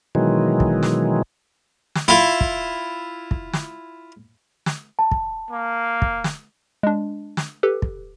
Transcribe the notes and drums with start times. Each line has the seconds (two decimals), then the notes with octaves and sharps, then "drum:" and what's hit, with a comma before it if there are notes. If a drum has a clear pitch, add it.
0.15 B2 D#3 E3 F#3 G#3
0.60 drum: kick
0.83 drum: snare
1.95 drum: snare
2.08 E4 F4
2.41 drum: kick
3.31 drum: kick
3.53 drum: snare
4.66 drum: snare
4.99 A5
5.11 drum: kick
5.50 A#3
6.02 drum: kick
6.24 drum: snare
6.83 G#3 D4
7.37 drum: snare
7.63 G4 A4 B4
7.82 drum: kick